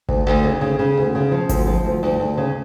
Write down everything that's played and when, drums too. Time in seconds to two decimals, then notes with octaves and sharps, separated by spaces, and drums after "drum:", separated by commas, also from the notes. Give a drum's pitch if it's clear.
0.09 D2, drum: kick G#1
0.27 D2
0.44 C#3
0.61 C#3
0.79 C#3
0.97 D2
1.15 C#3
1.32 F3
1.49 D2, drum: kick G#1, hi-hat
1.67 F3
1.85 D2
2.03 D2
2.20 D2
2.37 C#3